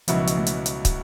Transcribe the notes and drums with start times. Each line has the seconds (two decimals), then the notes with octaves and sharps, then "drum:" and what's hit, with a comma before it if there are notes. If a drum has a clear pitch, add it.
0.08 C#2 B2 F3 F#3 B3 E4, drum: hi-hat
0.27 drum: hi-hat
0.37 A3
0.46 drum: hi-hat
0.66 drum: hi-hat
0.85 drum: kick, hi-hat